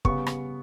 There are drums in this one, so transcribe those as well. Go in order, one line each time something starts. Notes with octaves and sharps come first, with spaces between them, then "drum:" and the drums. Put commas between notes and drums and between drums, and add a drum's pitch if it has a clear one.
C#3 G3 B3 C#6, drum: kick
drum: rim click